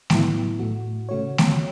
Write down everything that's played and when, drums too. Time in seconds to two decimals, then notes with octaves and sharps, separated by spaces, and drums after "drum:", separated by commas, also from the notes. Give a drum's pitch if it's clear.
0.10 A2 F#3 B3 E4, drum: snare A3
0.59 A2 A3 F#4
1.09 C#3 A3 F#4 C#5
1.38 drum: snare A3